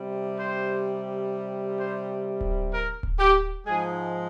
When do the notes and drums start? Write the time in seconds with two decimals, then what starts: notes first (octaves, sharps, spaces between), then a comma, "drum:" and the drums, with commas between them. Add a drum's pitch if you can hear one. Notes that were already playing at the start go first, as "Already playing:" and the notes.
Already playing: C3 G3
0.37 C5
1.78 C5
2.41 drum: kick D1
2.72 A#4
3.03 drum: kick D1
3.18 G4
3.66 G#2 F3 G#3 G#4